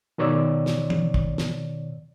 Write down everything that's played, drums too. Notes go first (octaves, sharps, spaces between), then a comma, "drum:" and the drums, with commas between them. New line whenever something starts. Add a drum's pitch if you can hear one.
B2 D#3 C#5 D5 E6
drum: snare
drum: tom
drum: kick
drum: snare